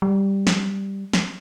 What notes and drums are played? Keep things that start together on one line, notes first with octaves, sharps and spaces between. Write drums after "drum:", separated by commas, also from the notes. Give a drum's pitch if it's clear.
G3
drum: snare
drum: snare